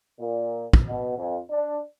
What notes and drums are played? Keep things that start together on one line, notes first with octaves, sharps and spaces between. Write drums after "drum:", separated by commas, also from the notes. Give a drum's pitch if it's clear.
A#2
drum: kick
B2
F2
D4